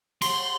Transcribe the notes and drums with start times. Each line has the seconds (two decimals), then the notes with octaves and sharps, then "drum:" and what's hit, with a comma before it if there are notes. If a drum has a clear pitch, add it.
0.22 C6, drum: cymbal